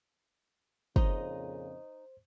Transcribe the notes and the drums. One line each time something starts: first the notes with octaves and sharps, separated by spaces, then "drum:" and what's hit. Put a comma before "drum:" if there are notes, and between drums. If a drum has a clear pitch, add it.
F2 A#2 C#3 D#4 C5 D#5, drum: kick